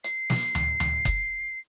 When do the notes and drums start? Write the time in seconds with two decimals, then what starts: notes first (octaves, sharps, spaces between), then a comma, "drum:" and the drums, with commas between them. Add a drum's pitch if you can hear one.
0.04 C7, drum: hi-hat
0.30 drum: snare
0.55 drum: tom D2
0.80 drum: tom D2
1.05 drum: kick F#1, hi-hat